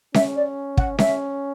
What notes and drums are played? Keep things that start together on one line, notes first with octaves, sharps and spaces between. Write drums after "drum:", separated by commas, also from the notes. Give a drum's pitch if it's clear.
C#4 E5, drum: snare C#4
D5
F#5, drum: kick
C#4 E5, drum: snare C#4